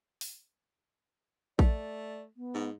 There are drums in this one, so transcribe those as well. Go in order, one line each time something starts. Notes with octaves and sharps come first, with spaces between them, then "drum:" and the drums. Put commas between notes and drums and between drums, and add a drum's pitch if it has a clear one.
drum: open hi-hat
A3 D5, drum: kick A#1
B3
G#2